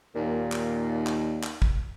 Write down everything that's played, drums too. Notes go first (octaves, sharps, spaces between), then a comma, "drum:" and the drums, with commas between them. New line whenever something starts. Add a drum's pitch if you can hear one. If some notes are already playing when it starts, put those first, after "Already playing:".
D#2 A#2
drum: clap
drum: clap
drum: clap
drum: kick